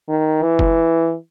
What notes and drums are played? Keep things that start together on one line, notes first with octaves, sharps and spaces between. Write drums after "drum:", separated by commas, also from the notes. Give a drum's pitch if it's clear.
D#3
E3
drum: kick F#1